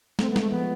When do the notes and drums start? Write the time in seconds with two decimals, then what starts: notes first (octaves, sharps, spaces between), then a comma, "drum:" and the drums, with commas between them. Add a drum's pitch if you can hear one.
0.19 A3 C4, drum: snare
0.30 B3
0.36 G#3, drum: snare
0.40 A3
0.50 F3 B3